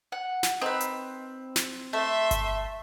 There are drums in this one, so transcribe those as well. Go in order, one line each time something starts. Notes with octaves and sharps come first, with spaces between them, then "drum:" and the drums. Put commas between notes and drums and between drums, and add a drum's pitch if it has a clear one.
F#5
drum: snare
C4 D#4 B4
drum: hi-hat
drum: snare
A3 E5 C6
drum: kick G1, hi-hat